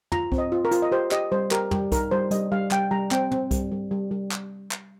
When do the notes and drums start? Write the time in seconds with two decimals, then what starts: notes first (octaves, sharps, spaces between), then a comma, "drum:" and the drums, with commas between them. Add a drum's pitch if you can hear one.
0.12 F4 A#5, drum: tom
0.32 C4, drum: kick C2
0.38 D#5
0.52 F4
0.65 A#4
0.71 F4, drum: hi-hat
0.82 D#5
0.92 G4 C5
1.11 G4 D#5, drum: clap
1.32 G3 C5
1.51 G4 A#4, drum: clap
1.71 G3 G4, drum: tom
1.92 D#4 A#4, drum: kick C2, hi-hat
2.11 G3 C5
2.31 G3 D#5, drum: hi-hat
2.52 G3 F5
2.71 G3 G5, drum: clap
2.91 G3 A#5
3.11 C4 G5, drum: clap
3.31 C4, drum: tom
3.51 G3, drum: kick C2, hi-hat
3.72 G3
3.91 G3
4.11 G3
4.31 drum: clap
4.71 drum: clap